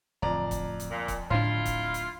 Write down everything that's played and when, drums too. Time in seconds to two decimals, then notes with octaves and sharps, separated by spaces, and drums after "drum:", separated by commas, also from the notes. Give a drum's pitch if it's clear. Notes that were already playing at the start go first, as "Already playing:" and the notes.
0.22 D1 F2 D5 A#5
0.51 drum: kick, hi-hat
0.80 drum: hi-hat
0.90 A#2
1.08 drum: kick, hi-hat
1.30 D1 A2 D4 E4 F4
1.65 drum: kick, hi-hat
1.94 drum: hi-hat